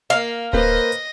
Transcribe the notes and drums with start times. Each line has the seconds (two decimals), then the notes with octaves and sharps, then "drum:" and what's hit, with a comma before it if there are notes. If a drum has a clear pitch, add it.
0.10 A#3 F5
0.53 A#3 B4 C5 D#5, drum: kick D1
0.92 drum: hi-hat